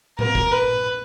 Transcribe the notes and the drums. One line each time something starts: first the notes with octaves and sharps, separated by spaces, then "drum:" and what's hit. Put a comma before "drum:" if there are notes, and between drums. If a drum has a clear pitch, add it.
A#4, drum: tom A2
drum: kick G1
B4